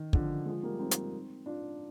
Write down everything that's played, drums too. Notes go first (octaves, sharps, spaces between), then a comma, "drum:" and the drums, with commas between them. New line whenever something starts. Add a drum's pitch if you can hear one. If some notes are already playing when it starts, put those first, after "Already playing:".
Already playing: D#3
D3 F3, drum: kick
F3 G#3
G3 A#3
C4 D#4
drum: hi-hat
D4 F4